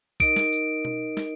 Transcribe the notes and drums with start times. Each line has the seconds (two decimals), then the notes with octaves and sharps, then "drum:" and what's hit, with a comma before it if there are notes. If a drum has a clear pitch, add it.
0.20 D#4 A#4 D#5 D7, drum: kick, tambourine
0.36 drum: snare
0.52 drum: tambourine
0.85 drum: tom B2
1.17 drum: snare